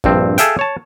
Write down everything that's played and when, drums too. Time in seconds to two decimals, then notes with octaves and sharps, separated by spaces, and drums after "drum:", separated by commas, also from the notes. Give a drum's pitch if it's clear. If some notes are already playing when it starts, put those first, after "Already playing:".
0.04 A#1 G2 C4, drum: kick
0.38 G#4 A4 E5 F5 G5, drum: hi-hat
0.59 C#5 A5